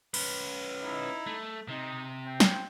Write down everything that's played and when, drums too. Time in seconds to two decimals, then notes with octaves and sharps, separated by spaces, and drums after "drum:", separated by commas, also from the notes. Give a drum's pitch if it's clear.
0.14 C#4 B4, drum: cymbal
0.82 D#4 E4
1.26 A3
1.69 C3 D#4
2.25 C4 G5
2.40 drum: snare